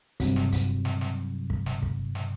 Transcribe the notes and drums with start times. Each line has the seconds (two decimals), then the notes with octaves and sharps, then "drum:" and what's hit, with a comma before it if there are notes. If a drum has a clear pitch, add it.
0.20 G2 C3 F#3, drum: kick, hi-hat
0.36 drum: snare
0.52 drum: kick, hi-hat
0.85 drum: snare
1.01 drum: snare
1.50 drum: kick
1.66 drum: snare
1.82 drum: kick
2.15 drum: snare